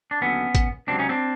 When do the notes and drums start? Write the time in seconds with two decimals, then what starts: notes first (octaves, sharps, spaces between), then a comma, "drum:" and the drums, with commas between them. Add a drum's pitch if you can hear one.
0.11 D4
0.21 D#2 D3 F#3 B3 C#4
0.55 drum: kick, hi-hat
0.87 C#2 C3 D#3 F#3 C4 D4
0.99 C#4 D#4
1.09 C4 D4